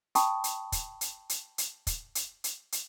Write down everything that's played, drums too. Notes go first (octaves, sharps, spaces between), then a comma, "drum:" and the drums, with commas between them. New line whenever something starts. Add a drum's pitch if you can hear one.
G5 A5 B5 C#6 D#6, drum: hi-hat
drum: hi-hat
drum: kick, hi-hat
drum: hi-hat
drum: hi-hat
drum: hi-hat
drum: kick, hi-hat
drum: hi-hat
drum: hi-hat
drum: hi-hat